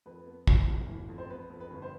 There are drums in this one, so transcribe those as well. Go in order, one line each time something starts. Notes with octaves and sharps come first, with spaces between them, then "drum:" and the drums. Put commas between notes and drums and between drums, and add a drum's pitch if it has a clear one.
F2 B4
B3
E3, drum: kick
G1
E3
F2
C5
B3 B4
F2
B4
G1
C5